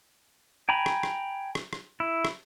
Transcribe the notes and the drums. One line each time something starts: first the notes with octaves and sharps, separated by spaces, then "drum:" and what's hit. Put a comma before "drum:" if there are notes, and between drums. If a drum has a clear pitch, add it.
G5 G#5 A#5 B5
drum: rim click
drum: rim click
drum: rim click
drum: rim click
E4
drum: rim click